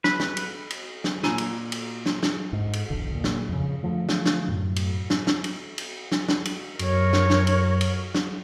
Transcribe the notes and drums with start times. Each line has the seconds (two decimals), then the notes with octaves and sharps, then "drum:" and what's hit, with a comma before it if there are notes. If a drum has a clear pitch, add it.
0.04 B4, drum: snare
0.20 drum: snare
0.37 drum: cymbal
0.70 drum: cymbal
1.04 drum: snare
1.23 A#2 G#5 A#5 E6 D#7, drum: snare
1.38 drum: cymbal
1.72 drum: cymbal
2.06 drum: snare
2.23 drum: snare
2.53 G#2
2.73 drum: cymbal
2.90 E1 B1 E2 D3
3.15 A#2
3.24 drum: snare
3.49 F2 C#3
3.83 D3 F3 A3
4.09 drum: snare
4.26 drum: snare
4.48 F#2 A2
4.76 drum: cymbal
5.10 drum: snare
5.27 drum: snare
5.44 drum: cymbal
5.78 drum: cymbal
6.12 drum: snare
6.28 drum: snare
6.45 drum: cymbal
6.79 F#2 A#4 C#5, drum: cymbal
7.13 drum: snare
7.30 drum: snare
7.47 drum: cymbal
7.81 drum: cymbal
8.14 drum: snare